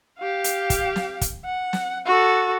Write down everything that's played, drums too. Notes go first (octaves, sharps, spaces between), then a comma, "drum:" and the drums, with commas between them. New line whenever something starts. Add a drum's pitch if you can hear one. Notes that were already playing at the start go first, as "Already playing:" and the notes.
G4 F5
drum: hi-hat
drum: kick, hi-hat
drum: snare
drum: kick, hi-hat
F#5
drum: snare
F#4 A4